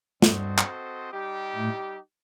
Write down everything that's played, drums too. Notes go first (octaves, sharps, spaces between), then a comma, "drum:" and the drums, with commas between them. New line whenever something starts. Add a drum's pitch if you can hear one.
G2 G3 C4 F#4 A4 C5 D#5, drum: snare
drum: clap
G3 D#4 G4
A2 A3